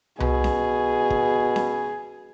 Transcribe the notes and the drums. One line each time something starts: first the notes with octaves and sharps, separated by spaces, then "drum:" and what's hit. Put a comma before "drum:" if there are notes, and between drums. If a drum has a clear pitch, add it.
B2 G#4, drum: tom C2
drum: snare C#4
drum: kick
drum: snare C#4